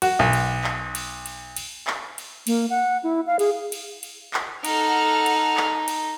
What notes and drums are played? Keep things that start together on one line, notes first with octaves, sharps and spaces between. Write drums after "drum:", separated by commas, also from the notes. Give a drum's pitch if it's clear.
F#4, drum: cymbal
B1
drum: cymbal
drum: clap
drum: cymbal
drum: cymbal
drum: cymbal
drum: clap
drum: cymbal
A#3, drum: cymbal
F#5
E4
F5
G#4, drum: cymbal
drum: cymbal
drum: cymbal
drum: clap
D#4 A4 F#5 F6, drum: cymbal
drum: cymbal
drum: clap
drum: cymbal